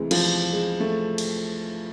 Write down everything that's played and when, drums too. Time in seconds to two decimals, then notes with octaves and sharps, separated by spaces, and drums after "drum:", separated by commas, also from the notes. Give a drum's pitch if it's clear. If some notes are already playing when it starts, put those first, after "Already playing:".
Already playing: D2 C3 E3 G#3
0.11 F3, drum: cymbal
0.52 G#3
0.80 A3
1.18 drum: cymbal